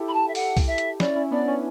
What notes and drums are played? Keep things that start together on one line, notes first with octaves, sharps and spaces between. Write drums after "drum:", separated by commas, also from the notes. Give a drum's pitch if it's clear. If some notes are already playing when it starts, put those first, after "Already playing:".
Already playing: E4 G4 A4
B5
A5
E5
F#5, drum: open hi-hat
drum: kick, open hi-hat
E5
drum: hi-hat
C#4 E4 D5, drum: snare
C#4 E4
B3 D4 D5
C#4